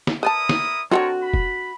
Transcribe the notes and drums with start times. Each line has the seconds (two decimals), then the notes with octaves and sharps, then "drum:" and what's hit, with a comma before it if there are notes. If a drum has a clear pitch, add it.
0.07 drum: snare
0.23 E4 A#4 B4 D5 A5 D#6
0.49 drum: snare
0.91 D3 D#3 C4 F#4 A#4 C#5 A5
1.22 B5
1.34 drum: kick